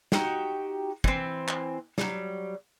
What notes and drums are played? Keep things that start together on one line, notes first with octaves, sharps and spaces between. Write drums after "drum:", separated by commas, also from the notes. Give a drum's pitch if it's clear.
D#4 F#4 G4 G5, drum: snare
E3 C4, drum: kick
drum: clap
F#3 G3, drum: snare